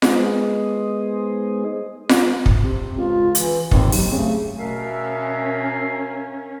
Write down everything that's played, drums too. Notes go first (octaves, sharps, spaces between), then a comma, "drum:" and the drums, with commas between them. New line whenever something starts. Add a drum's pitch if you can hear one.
G#3 B3 D#4 G#4 C5 D#5, drum: snare F4
drum: snare F4
drum: kick
C3
C#2 F4
E3, drum: hi-hat
D#2 C4, drum: kick
C3 F#3, drum: open hi-hat
C#3 A3
B2 C#4 A#4 E5 F5